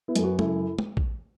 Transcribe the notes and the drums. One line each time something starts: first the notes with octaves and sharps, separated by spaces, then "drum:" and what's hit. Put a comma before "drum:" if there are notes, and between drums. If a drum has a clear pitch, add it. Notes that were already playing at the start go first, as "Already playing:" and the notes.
B3 E4
F#2 A4, drum: hi-hat
F#4 B4
C#3 E4 A4, drum: tom
drum: tom
drum: kick A#1